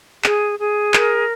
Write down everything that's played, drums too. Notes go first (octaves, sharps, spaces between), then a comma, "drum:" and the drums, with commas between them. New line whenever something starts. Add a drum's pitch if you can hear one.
G#4, drum: clap
G#4
A#4, drum: clap